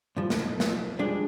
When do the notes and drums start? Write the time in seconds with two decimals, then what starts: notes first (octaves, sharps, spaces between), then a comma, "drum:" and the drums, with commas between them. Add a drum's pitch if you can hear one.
0.17 G2 F3
0.30 B1 F2, drum: snare
0.60 drum: snare
0.99 F3 G3 G#3 D4